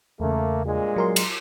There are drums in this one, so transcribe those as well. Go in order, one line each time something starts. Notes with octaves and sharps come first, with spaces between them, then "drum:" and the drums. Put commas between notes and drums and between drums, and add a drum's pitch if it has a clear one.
E2 C#3 A3 A#3
G2 A#2 G#3
F#3 A#4 C6
drum: cymbal